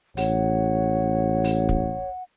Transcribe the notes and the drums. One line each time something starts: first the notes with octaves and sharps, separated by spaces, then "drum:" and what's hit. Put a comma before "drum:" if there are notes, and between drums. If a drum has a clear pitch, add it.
A1 C#5 F#5, drum: open hi-hat
drum: open hi-hat
drum: kick